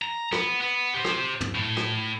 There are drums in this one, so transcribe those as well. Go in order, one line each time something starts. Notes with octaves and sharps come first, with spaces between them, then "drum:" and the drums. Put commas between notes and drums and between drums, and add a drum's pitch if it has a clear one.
A#5
B3, drum: rim click
B3
G4 C5
drum: rim click
drum: tom
A2 A3
drum: rim click